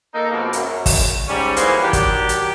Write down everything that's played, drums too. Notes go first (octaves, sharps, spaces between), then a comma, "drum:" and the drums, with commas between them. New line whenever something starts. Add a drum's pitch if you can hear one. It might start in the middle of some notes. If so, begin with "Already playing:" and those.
A#3 D#4 A4
B2 F3 G#3 A#3 C4
F#2, drum: hi-hat
drum: kick, open hi-hat
G#2 G3 C#4
E3 F#3 G3 A#3 G#4 C5, drum: hi-hat
D#3 F#3 D4 G4
drum: kick, hi-hat
drum: hi-hat